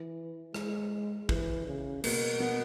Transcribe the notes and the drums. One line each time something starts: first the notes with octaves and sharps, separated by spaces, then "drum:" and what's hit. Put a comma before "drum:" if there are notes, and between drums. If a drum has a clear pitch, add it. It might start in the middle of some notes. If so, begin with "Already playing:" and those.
Already playing: E3
G#3, drum: rim click
E3, drum: kick
C#3
B2 A#3, drum: cymbal
B3